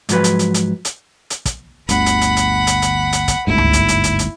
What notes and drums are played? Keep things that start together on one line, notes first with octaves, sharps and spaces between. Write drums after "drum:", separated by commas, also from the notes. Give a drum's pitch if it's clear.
G#2 F3 F#3 B4, drum: hi-hat
drum: hi-hat
drum: hi-hat
drum: hi-hat
drum: hi-hat
drum: hi-hat
drum: kick, hi-hat
G1 D2 F#5 B5, drum: hi-hat
drum: hi-hat
drum: hi-hat
drum: hi-hat
drum: hi-hat
drum: hi-hat
drum: hi-hat
drum: kick, hi-hat
G1 D2 G#2 E4
drum: tom C#2
drum: hi-hat
drum: hi-hat
drum: hi-hat
drum: hi-hat